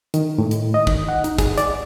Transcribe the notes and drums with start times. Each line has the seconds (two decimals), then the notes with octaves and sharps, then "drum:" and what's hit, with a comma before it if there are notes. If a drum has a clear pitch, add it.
0.14 D#3, drum: hi-hat
0.38 A2
0.51 drum: hi-hat
0.74 D#5
0.87 D#3, drum: kick
1.09 F#5
1.24 D#4, drum: hi-hat
1.38 G#4, drum: kick, hi-hat
1.58 D5, drum: hi-hat